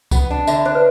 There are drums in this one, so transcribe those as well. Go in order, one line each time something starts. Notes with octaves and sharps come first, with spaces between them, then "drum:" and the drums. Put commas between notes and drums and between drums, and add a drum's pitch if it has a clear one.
B3 B5, drum: kick C2, tambourine
D4
D3 E5, drum: tambourine
B5
D4 C5
B4